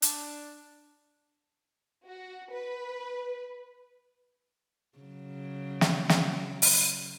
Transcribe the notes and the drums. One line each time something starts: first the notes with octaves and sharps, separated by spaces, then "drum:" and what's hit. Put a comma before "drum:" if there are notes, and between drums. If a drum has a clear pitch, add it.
D4, drum: hi-hat
F#4
B4
C#3 F#3
drum: snare
drum: snare
drum: open hi-hat